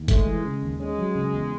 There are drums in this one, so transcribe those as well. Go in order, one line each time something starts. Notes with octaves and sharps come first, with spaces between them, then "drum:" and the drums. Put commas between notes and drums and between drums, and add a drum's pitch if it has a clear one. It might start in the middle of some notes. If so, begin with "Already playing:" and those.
Already playing: D#2
G#3 A3, drum: kick G1, hi-hat
E3
C#3
D#2
G#3 C#4
F#3
C#3
E2